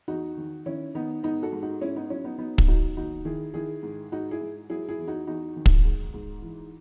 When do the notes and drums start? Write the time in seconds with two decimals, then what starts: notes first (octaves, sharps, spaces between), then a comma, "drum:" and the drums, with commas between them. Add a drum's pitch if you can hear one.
0.08 E2 D#4 F#4
0.37 D#3
0.66 D#3 C#4 E4
0.94 D#3 B3 D#4
1.23 G#2 B3 D#4
1.42 F#4 A4
1.52 G#2
1.63 D#4 F#4
1.81 G#2 C#4 E4
1.96 B3 D#4
2.10 F#3 C#4 E4
2.24 B3 D#4
2.38 F#3 B3 D#4
2.58 drum: kick
2.68 F#3 D#4 F#4
2.97 D#2 D#4 F#4
3.25 D#3 E4 G#4
3.54 D#3 E4 G#4
3.83 G#2
4.12 G#2 D#4 F#4
4.31 E4 G#4
4.41 G#2
4.70 F#3 E4 G#4
4.89 E4 G#4
4.99 E2
5.08 D#4 F#4
5.27 E2 D#4 F#4
5.56 D#3
5.66 drum: kick
5.85 G#2
6.14 G#2
6.42 E3